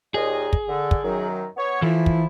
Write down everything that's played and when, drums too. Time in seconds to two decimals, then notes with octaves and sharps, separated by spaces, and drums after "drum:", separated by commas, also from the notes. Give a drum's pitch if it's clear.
0.14 D#2 A#2 G#4 D#5
0.53 drum: kick
0.69 D3
0.91 drum: kick
1.04 F#2 D#3 F#3
1.57 B3 C#5
1.82 E3 F3 A3 E4
2.06 drum: kick